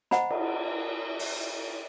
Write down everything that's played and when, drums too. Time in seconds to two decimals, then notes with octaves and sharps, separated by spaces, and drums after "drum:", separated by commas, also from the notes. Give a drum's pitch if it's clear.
0.11 C5 D#5 F#5 G#5 A#5 B5, drum: snare
0.30 drum: cymbal
1.19 drum: open hi-hat